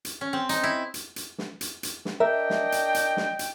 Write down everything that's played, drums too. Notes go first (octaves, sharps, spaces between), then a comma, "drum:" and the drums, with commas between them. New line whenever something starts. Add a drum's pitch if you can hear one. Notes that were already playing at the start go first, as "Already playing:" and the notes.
drum: hi-hat
C#4
C4
D#4, drum: hi-hat
E4
drum: hi-hat
drum: hi-hat
drum: snare
drum: hi-hat
drum: hi-hat
drum: snare
D4 A#4 D#5 E5 G5
drum: snare
drum: hi-hat
drum: hi-hat
drum: snare
drum: hi-hat